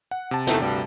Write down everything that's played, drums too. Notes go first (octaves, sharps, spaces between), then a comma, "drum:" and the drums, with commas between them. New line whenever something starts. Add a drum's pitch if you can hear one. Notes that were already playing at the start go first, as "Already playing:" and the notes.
F#5
C3 A5
E2 D#3 A3, drum: snare
D2 G2 G3